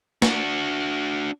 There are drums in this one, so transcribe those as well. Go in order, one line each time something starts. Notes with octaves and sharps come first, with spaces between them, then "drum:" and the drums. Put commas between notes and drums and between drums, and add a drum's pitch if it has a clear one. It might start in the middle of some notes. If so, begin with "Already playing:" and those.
D4 F#4, drum: snare